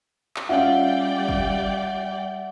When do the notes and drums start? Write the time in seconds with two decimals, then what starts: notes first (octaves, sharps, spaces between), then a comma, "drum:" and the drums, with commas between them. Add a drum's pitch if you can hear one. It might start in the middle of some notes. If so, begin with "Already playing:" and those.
0.36 drum: clap
0.49 G3 C#4 F4 D5 E5 F#5 G5
1.29 drum: kick